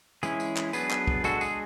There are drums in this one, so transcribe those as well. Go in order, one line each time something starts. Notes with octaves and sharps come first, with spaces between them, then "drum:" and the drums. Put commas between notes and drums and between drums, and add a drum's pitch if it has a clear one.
E3 G#3 C#4 E4 G#4, drum: tambourine
drum: tambourine
drum: clap
F#3 B3 D4 G#4 B4, drum: tambourine
drum: clap
drum: kick
G#3 D4 F#4 A4, drum: tambourine
G#4, drum: tambourine